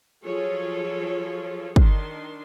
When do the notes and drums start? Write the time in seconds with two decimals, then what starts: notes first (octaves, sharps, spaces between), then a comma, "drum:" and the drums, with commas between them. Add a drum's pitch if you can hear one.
0.24 F3 F#3 F4 G#4 A4 C#5
1.76 D#3 D4 C6, drum: kick